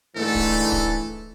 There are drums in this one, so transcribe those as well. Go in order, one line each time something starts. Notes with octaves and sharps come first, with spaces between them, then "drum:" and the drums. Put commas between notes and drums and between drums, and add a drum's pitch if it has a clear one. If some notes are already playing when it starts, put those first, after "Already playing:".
G#2 D3 E3 A3 A4
drum: kick D1
drum: kick D1